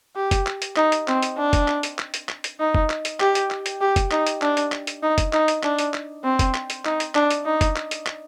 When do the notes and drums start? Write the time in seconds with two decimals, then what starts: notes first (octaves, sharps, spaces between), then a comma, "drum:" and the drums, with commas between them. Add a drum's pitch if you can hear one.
0.16 G4
0.31 drum: kick, hi-hat
0.47 drum: clap
0.62 drum: hi-hat
0.76 D#4, drum: clap
0.92 drum: hi-hat
1.08 C4, drum: clap
1.23 drum: hi-hat
1.37 D4
1.53 drum: kick, hi-hat
1.68 drum: clap
1.83 drum: hi-hat
1.99 drum: clap
2.14 drum: hi-hat
2.29 drum: clap
2.44 drum: hi-hat
2.60 D#4
2.75 drum: kick
2.90 drum: clap
3.05 drum: hi-hat
3.20 G4, drum: clap
3.35 drum: hi-hat
3.51 drum: clap
3.66 drum: hi-hat
3.81 G4
3.96 drum: kick, hi-hat
4.11 D#4, drum: clap
4.27 drum: hi-hat
4.42 D4, drum: clap
4.57 drum: hi-hat
4.72 drum: clap
4.87 drum: hi-hat
5.03 D#4
5.18 drum: kick, hi-hat
5.33 D#4, drum: clap
5.48 drum: hi-hat
5.63 D4, drum: clap
5.79 drum: hi-hat
5.94 drum: clap
6.24 C4
6.39 drum: kick, hi-hat
6.55 drum: clap
6.70 drum: hi-hat
6.85 D#4, drum: clap
7.00 drum: hi-hat
7.15 D4, drum: clap
7.31 drum: hi-hat
7.45 D#4
7.61 drum: kick, hi-hat
7.76 drum: clap
7.91 drum: hi-hat
8.07 drum: clap